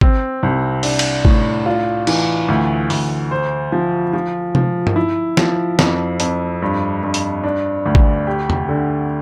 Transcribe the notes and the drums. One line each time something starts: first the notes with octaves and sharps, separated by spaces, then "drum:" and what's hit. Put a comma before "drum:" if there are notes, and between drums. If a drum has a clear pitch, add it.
C4, drum: kick G#1
C2
D4, drum: open hi-hat
drum: cymbal
A2, drum: kick G#1
F4
E3, drum: cymbal
D2
D2, drum: open hi-hat
C5
F3
F3
F3, drum: tom C3
drum: tom G2
E4
F3, drum: snare
F2, drum: snare
F2, drum: hi-hat
G2
G2
drum: hi-hat
D4
D2
drum: kick G#1
G4
drum: tom E2
D3